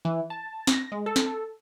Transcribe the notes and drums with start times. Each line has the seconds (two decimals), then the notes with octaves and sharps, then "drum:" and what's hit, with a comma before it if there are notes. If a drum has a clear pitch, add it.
0.05 E3
0.30 A5
0.67 A#6, drum: snare
0.92 G#3
1.06 A4
1.16 drum: snare